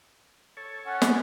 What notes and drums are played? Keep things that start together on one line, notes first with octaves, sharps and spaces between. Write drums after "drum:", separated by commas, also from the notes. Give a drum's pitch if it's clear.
A4 C#5
C#4 F#5
drum: snare